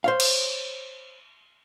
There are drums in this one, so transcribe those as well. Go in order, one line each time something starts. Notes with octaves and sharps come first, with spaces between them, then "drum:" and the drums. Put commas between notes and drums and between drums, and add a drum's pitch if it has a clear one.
C5 C#5 F5
drum: cymbal